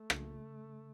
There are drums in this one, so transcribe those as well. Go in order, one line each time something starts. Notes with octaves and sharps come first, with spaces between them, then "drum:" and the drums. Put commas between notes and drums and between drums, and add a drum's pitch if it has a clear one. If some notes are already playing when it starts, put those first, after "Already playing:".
Already playing: A3
C#3, drum: rim click